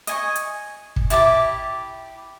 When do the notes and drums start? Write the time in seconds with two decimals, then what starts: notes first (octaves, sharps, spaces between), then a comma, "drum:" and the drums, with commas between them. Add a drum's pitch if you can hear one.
0.07 D#5 G#5 C#6, drum: hi-hat
0.36 drum: hi-hat
0.96 drum: kick
1.10 E4 G4 A5 D6, drum: hi-hat